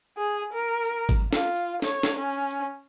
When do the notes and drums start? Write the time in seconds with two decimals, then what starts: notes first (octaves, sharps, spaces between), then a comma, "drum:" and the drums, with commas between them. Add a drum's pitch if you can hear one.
0.18 G#4
0.53 A#4
0.85 drum: tambourine
1.09 drum: kick G#1, tambourine
1.33 F4, drum: snare
1.56 drum: tambourine
1.82 C#5, drum: snare
2.03 drum: snare
2.19 C#4
2.51 drum: tambourine